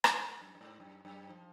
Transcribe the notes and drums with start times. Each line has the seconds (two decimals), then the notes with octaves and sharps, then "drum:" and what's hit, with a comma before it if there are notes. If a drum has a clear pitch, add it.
0.04 G#2, drum: rim click
0.24 G#2
0.41 F#2
0.55 F#2
0.61 G#2
0.80 F#2
1.05 F#2
1.29 F3